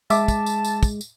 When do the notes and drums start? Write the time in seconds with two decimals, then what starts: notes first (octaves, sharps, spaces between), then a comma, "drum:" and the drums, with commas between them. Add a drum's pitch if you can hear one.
0.10 G#3 E5 A5 D6, drum: tambourine
0.28 drum: kick, tambourine
0.46 drum: tambourine
0.65 drum: tambourine
0.83 drum: kick, tambourine
1.01 drum: tambourine